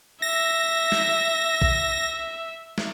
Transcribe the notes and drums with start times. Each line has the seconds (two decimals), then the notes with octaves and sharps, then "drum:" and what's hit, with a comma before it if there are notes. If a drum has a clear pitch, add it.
0.22 E5 A#6
0.92 drum: snare
1.62 drum: kick
2.78 drum: snare